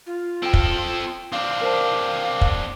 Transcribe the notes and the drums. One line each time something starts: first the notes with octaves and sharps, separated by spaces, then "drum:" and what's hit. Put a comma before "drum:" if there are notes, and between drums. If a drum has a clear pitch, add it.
F4
C4 A4 G5 D7
drum: kick
C4 D4 F5
A#4 C5 A5
drum: kick